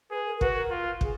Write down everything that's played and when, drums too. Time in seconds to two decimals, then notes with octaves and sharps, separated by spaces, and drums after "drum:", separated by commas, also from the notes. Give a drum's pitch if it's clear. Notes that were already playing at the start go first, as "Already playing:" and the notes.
0.11 G#4 B4
0.26 A#4
0.38 A#4
0.41 F#4 B4, drum: kick
0.56 A#4
0.70 F4
1.01 G#4, drum: kick